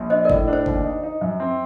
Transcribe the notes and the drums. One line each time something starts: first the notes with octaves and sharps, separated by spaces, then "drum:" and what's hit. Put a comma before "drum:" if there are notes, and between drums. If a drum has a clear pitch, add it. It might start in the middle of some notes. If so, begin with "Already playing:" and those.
Already playing: A#1
D4 C5 D#5
A#4 D5
A2, drum: kick G1
D4
C5
D#2, drum: kick G1
D#4
D#4
F#2
C4